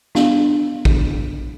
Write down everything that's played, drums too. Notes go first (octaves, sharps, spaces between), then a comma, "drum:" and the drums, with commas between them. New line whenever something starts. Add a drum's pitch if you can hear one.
B3 D4 F5, drum: snare
drum: kick A#1